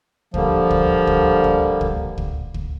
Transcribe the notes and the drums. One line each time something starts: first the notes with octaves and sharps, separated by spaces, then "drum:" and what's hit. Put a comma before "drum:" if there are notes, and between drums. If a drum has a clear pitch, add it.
D3 F3 G3 A#3, drum: kick
drum: kick
drum: kick
drum: kick
drum: kick
drum: kick
drum: kick